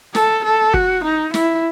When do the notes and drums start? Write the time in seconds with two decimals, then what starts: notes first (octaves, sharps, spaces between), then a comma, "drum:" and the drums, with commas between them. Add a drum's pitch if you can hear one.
0.15 A4, drum: snare
0.44 A4
0.74 F#4, drum: kick
1.04 D#4
1.34 E4, drum: snare